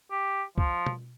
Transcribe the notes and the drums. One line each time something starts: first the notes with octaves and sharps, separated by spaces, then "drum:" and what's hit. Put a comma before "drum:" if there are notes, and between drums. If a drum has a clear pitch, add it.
G4
F3, drum: kick C2
drum: tom B2